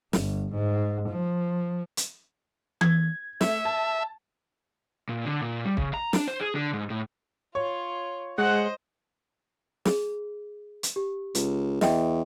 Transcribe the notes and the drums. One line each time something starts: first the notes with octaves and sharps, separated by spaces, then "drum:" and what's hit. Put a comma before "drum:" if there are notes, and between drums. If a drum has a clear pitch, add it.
G1, drum: snare
G#2
F3
drum: hi-hat
G#6, drum: tom E3
A3 E5, drum: snare
A5
A#2
D3
A#2
G3
C#3, drum: kick
A#5
D4, drum: snare
C5
G#4
D3
G#2
A2
F4 C#5
G#3 C5 D#5 F#5
G#4, drum: snare
drum: hi-hat
G4
C#2, drum: hi-hat
E2 D#5 E5 G5, drum: snare